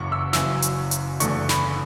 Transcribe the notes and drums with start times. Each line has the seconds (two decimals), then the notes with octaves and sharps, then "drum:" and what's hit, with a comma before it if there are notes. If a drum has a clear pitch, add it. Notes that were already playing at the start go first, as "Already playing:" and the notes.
Already playing: F#1 F#2 E3 C#6 D6
0.12 E6
0.33 F#1 F#2 E3 E6, drum: snare
0.62 drum: hi-hat
0.91 drum: hi-hat
1.20 F#1 E2 D3 A3 C#6, drum: hi-hat
1.49 B5, drum: snare